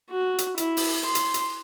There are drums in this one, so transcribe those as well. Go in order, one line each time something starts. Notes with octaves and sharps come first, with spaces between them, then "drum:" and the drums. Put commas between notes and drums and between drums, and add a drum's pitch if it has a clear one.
F#4
drum: hi-hat
E4, drum: hi-hat
drum: open hi-hat
C6
drum: hi-hat
drum: hi-hat